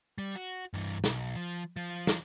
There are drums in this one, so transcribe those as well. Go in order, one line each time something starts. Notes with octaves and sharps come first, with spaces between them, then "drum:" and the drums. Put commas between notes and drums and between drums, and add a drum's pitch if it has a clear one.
G3
F#4
G2 E3
B1, drum: snare
F3
F3
drum: snare